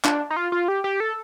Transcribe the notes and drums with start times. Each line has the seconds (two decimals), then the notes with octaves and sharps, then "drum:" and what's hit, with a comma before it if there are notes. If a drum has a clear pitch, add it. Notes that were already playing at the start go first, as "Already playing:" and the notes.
0.05 D4, drum: clap
0.30 D#4
0.36 F4
0.52 F4
0.68 G4
0.84 G4
1.00 A4